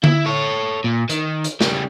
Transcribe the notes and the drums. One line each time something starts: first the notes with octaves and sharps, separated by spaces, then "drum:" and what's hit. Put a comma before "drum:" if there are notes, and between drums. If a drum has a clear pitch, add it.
E4, drum: tom D3
A4 C#5
A#2
D#3, drum: hi-hat
drum: hi-hat
C#3 G3, drum: snare